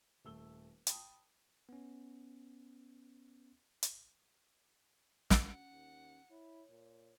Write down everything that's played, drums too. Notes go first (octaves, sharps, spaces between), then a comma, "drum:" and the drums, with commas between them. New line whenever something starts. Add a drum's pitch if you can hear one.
D#1 A3 E6 G7
G5 A5 B5 D#6, drum: hi-hat
B3 C#4
drum: hi-hat
D2 C#4 F#5, drum: snare
D#2
E4 C#5
A#2